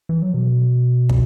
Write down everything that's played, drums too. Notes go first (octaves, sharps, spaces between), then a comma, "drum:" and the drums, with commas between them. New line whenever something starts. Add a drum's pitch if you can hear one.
E3
F#3
B2
drum: kick